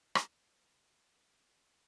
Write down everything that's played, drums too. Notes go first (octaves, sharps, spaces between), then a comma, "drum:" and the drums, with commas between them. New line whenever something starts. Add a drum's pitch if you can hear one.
drum: rim click
E4 B4 C#5 G5
F4